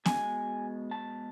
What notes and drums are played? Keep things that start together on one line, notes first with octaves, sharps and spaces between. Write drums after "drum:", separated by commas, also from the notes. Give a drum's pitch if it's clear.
B2 G#3 G#5, drum: snare B3
A5